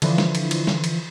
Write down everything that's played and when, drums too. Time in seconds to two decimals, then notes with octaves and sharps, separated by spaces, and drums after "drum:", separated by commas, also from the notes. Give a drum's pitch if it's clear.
0.02 D3 E3 F3, drum: cymbal
0.18 drum: snare
0.35 drum: cymbal
0.51 drum: cymbal
0.67 drum: snare
0.84 drum: cymbal